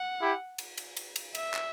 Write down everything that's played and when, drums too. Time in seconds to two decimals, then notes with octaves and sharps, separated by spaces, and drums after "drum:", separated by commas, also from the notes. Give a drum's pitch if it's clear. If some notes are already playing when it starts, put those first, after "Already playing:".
Already playing: F#5
0.20 E4 G4
0.58 drum: cymbal
0.78 drum: cymbal
0.97 drum: cymbal
1.16 drum: cymbal
1.35 E5, drum: cymbal
1.54 drum: clap